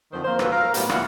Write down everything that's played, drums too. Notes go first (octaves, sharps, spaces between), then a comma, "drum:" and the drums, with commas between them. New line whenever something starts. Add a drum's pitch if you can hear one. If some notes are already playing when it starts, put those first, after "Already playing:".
F2 D3 D#3 C5
A#3 C5
A#2 F#3 A4 B4, drum: rim click
A#4 F5
A2 F#3 G3 B3 G4, drum: hi-hat
A#2 E4 F#4 F5 F#5, drum: rim click